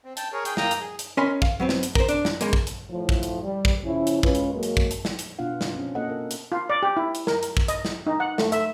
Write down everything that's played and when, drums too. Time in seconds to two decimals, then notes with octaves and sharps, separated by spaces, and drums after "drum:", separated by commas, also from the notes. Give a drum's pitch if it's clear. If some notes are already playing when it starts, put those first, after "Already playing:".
0.05 C4
0.17 G5 A5, drum: hi-hat
0.33 G#4 A#4 C#5
0.45 G#4 G5, drum: hi-hat
0.57 A#3 G5 A#5 D#6, drum: snare
0.71 drum: hi-hat
0.81 G#4
0.99 drum: hi-hat
1.17 C#4 A#4 D#5 G#5 B5 C6
1.42 F5, drum: kick
1.60 F#3 B3 C4
1.69 drum: snare
1.83 drum: hi-hat
1.95 A#4 C5, drum: kick
2.09 D4, drum: hi-hat
2.25 drum: snare
2.41 C#3 G#3 A#3, drum: hi-hat
2.53 drum: kick
2.67 drum: hi-hat
2.90 A2 F3
3.09 drum: kick
3.23 drum: hi-hat
3.43 G3
3.65 drum: kick
3.84 C#3 F3 C#4 E4
4.07 drum: hi-hat
4.23 G#3 C#4 F4 B4, drum: kick
4.35 drum: hi-hat
4.54 F#3 G#3 A#3
4.63 drum: hi-hat
4.77 drum: kick
4.91 drum: hi-hat
5.05 drum: snare
5.19 drum: hi-hat
5.39 B2 B3 D4 F4 F5 F#5
5.61 drum: snare
5.75 C4 C#4
5.95 A#3 F4 A4 D#5 F#5
6.09 F4 A#4
6.31 drum: hi-hat
6.52 F4
6.70 D5
6.83 G4
6.97 E4
7.15 drum: hi-hat
7.27 A#4, drum: snare
7.43 drum: hi-hat
7.57 drum: kick
7.68 D#5, drum: hi-hat
7.85 drum: snare
8.07 D#4
8.20 F#5
8.38 A3, drum: snare
8.52 E5, drum: hi-hat